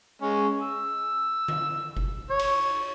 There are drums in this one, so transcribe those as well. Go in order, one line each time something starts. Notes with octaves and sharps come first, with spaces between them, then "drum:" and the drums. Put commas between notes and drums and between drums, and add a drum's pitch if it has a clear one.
G#3 C#4
E6
drum: tom D3
drum: kick F#1
C#5
drum: cymbal